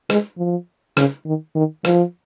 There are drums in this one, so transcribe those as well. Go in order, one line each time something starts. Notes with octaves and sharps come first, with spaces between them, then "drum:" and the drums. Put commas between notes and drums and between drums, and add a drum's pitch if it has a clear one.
G#3, drum: rim click
F3
C#3, drum: rim click
D#3
D#3
F3, drum: rim click